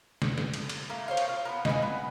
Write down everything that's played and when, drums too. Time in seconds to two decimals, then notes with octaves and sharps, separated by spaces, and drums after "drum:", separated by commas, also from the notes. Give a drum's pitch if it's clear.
0.22 drum: snare
0.38 drum: snare
0.54 drum: cymbal
0.69 drum: cymbal
0.90 A3 A#3
1.08 C5 C#5 F5
1.17 drum: cymbal
1.29 F4
1.45 A#3 B3
1.65 D#4 B4 G#5, drum: snare
1.82 B3